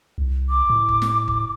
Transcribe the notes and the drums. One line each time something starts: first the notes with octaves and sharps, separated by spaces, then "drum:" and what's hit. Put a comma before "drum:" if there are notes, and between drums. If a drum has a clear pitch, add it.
C2
D6
A2
drum: kick G1
drum: snare
drum: kick G1